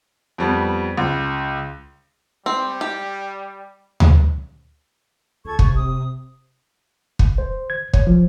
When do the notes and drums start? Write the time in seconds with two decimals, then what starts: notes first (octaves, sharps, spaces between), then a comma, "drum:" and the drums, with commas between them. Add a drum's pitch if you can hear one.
0.38 F2 G3 B3
0.97 C#2
2.46 G3 C4
2.81 G4
4.00 drum: tom D2
5.45 C#2 A4 C#6 G#6
5.59 C3 C#6, drum: kick
5.74 D#6
7.19 drum: kick
7.38 C5
7.70 G#6
7.93 C#5, drum: kick
8.07 F3